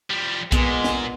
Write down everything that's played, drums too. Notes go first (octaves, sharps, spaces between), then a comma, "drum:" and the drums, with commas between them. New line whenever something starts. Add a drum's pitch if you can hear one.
F3 G3
A#2 G#3 B3, drum: kick, hi-hat
drum: snare